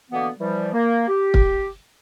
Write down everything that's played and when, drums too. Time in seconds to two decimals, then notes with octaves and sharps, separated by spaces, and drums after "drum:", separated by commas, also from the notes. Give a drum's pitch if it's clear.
0.11 B2 D3 E3 A#3 B3
0.39 E3 F3 G3
0.73 A#3
1.08 G4
1.34 drum: kick